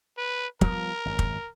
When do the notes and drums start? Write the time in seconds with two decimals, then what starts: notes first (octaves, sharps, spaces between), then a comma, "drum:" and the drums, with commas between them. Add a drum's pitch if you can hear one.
0.18 B4
0.61 F3 G3 B3 A#4, drum: kick
1.05 G#1 F#2
1.19 drum: kick